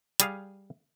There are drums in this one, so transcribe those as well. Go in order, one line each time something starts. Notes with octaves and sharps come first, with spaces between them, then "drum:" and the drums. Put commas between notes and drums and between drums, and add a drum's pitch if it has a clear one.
G3 G#4 F5, drum: hi-hat